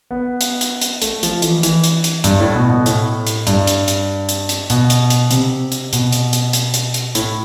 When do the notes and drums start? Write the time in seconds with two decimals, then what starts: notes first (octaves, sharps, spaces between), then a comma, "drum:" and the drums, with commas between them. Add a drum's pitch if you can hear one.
0.11 B3
0.41 drum: hi-hat
0.61 drum: hi-hat
0.81 drum: hi-hat
1.02 A3, drum: hi-hat
1.23 F3, drum: hi-hat
1.42 E3, drum: hi-hat
1.63 E3, drum: hi-hat
1.84 drum: hi-hat
2.04 drum: hi-hat
2.24 G2, drum: hi-hat
2.40 A2
2.55 B2
2.70 B2
2.86 A2, drum: hi-hat
3.27 drum: hi-hat
3.47 G2, drum: hi-hat
3.67 drum: hi-hat
3.88 drum: hi-hat
4.29 drum: hi-hat
4.49 drum: hi-hat
4.70 B2, drum: hi-hat
4.90 drum: hi-hat
5.10 drum: hi-hat
5.31 C3, drum: hi-hat
5.72 drum: hi-hat
5.93 B2, drum: hi-hat
6.13 drum: hi-hat
6.33 drum: hi-hat
6.53 drum: hi-hat
6.74 drum: hi-hat
6.94 drum: hi-hat
7.15 A2, drum: hi-hat